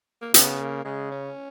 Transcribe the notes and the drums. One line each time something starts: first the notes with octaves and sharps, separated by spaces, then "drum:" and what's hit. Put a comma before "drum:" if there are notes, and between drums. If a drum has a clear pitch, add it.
A#3
C#3 B3, drum: hi-hat
A#3
C#3 G#3
C#4